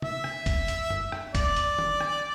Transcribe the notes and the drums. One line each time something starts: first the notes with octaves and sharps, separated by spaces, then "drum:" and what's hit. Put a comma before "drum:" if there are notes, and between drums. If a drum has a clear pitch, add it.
E5, drum: tom C3
drum: rim click
drum: kick F#1, hi-hat
drum: hi-hat
drum: tom F#2
drum: rim click
D5, drum: kick F#1, hi-hat
drum: hi-hat
drum: tom D#3
drum: rim click